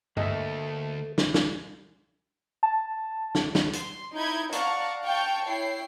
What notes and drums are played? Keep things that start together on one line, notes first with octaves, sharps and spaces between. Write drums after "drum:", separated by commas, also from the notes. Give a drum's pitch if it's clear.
D2 A3 A#3 A4 D#5 E5, drum: tom G2
drum: snare
drum: snare
A5
drum: snare
drum: snare
C6, drum: hi-hat
D#4 E4 B5 G6 G#6
D5 F5 F#5 A5 A#5 C#6, drum: hi-hat
F5 G5 A5 C#6 G6
E4 C#5 G5 C7